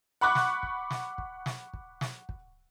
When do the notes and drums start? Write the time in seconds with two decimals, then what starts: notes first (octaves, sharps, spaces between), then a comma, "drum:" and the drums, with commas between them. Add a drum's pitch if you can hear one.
0.21 F#5 B5 C#6 D6 F#6
0.35 drum: snare
0.63 drum: kick
0.91 drum: snare
1.18 drum: kick
1.46 drum: snare
1.73 drum: kick
2.01 drum: snare
2.29 drum: kick